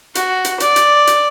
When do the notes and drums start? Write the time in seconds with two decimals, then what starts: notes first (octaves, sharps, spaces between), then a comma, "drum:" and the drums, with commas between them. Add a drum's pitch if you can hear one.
0.15 F#4, drum: hi-hat
0.45 drum: hi-hat
0.60 D5, drum: hi-hat
0.76 drum: hi-hat
1.07 drum: hi-hat